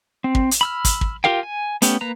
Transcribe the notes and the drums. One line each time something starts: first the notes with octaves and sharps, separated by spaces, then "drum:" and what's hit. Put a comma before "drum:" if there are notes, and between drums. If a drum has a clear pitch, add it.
C4
drum: kick
drum: hi-hat
B5 E6 F6
drum: kick, hi-hat
drum: kick
F4 G4 A#4 F5 G5
G#5
A3 B3 C#4 G4, drum: hi-hat
A#3 B4 A#5